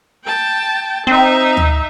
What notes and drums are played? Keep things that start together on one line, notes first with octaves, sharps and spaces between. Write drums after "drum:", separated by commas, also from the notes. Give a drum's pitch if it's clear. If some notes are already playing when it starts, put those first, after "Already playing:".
G5 A5
C4 D#4 E5
drum: tom D2